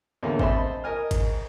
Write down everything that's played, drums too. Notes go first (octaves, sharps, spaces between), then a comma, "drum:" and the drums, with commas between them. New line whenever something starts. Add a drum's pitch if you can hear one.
E2 A2 D3 A#3 C4
C5 D#5 E5 A5 B5 C6, drum: kick G#1
A#4 D#5 G#5 F6
drum: kick G#1, cymbal